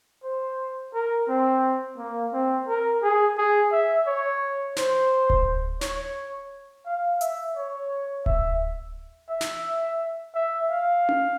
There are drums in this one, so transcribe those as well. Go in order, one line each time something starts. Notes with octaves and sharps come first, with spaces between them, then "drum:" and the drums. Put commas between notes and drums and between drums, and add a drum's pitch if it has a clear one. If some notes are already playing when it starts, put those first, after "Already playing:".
C5
A#4
C4
A#3
C4
A#4
G#4
G#4
E5
C#5
C5, drum: snare
drum: kick D1
C#5, drum: snare
F5
E5, drum: hi-hat
C#5
E5, drum: kick D1
E5
drum: snare
E5
F5
drum: tom C#4